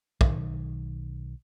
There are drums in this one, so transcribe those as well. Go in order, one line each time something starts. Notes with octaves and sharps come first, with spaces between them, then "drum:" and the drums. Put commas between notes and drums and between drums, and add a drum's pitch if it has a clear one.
B1 D#3, drum: kick